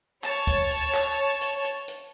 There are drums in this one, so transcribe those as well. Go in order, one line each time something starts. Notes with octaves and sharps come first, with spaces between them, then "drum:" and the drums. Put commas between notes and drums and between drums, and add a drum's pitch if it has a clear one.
C#5 A5, drum: clap
drum: kick, hi-hat
drum: hi-hat
drum: clap
drum: hi-hat
drum: hi-hat
drum: hi-hat